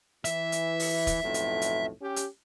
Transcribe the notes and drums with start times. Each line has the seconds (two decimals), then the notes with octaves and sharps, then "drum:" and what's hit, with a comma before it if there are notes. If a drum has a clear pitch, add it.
0.25 E3 E5, drum: hi-hat
0.52 drum: hi-hat
0.79 drum: open hi-hat
1.07 drum: kick, hi-hat
1.23 B1 F2 A2
1.34 drum: hi-hat
1.62 drum: hi-hat
2.01 C#4 G4
2.16 drum: hi-hat